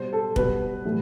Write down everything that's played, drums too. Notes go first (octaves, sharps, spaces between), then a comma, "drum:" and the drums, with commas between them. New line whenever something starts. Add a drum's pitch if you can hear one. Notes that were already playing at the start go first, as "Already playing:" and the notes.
Already playing: B2 G3 C5
A4
B2 G3 B4, drum: kick
A2 E3 G3